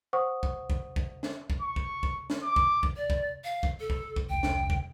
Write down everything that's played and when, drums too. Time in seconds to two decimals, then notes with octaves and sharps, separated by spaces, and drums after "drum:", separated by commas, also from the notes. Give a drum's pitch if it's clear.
0.13 C5 F#5 C#6 D#6
0.43 drum: kick
0.70 drum: kick
0.96 drum: kick
1.23 drum: snare
1.50 drum: kick
1.61 C#6
1.76 drum: kick
2.03 drum: kick
2.30 drum: snare
2.43 D6
2.56 drum: kick
2.83 drum: kick
2.96 D5
3.10 drum: kick
3.44 F5
3.63 drum: kick
3.80 A4
3.90 drum: kick
4.16 drum: kick
4.29 E1 C2 G5
4.43 drum: snare
4.70 drum: kick